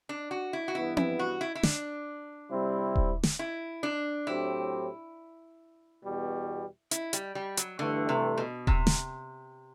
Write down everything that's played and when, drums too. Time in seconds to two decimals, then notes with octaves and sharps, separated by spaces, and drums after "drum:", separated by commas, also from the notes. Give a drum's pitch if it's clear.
0.09 D4
0.31 F#4
0.53 E4
0.68 F#4
0.75 G2 E3 B3 E4
0.97 E4, drum: tom C4
1.19 F#4
1.41 E4
1.55 E4
1.63 D4, drum: snare
2.51 C3 G3 C4 E4
2.96 drum: kick D#1
3.23 drum: snare
3.39 E4
3.83 D4
4.27 A2 F#3 C4 E4 G4
6.03 E2 B2 G3
6.91 E4, drum: hi-hat
7.13 G3, drum: hi-hat
7.35 G3
7.57 F#3, drum: hi-hat
7.79 G2 D3 E3 A3
8.09 C3
8.38 B2
8.67 C3, drum: kick D#1
8.87 drum: snare